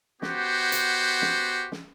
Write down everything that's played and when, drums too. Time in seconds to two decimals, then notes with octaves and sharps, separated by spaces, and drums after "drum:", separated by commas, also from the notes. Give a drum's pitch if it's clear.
0.22 B3 F#4 G4 C5, drum: snare
0.72 drum: hi-hat
1.22 drum: snare
1.72 drum: snare